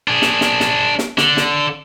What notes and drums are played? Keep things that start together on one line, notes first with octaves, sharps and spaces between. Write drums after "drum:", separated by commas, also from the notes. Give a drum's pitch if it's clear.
D4 G#4
drum: snare
drum: snare
drum: snare
drum: snare
D3, drum: snare
drum: snare